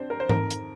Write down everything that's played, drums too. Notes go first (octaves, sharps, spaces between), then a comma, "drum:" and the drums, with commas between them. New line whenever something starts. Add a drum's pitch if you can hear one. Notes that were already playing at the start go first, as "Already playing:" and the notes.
Already playing: C4 D4 C5
A#4
C5
F2 D#3 A#4, drum: tom G#2
drum: hi-hat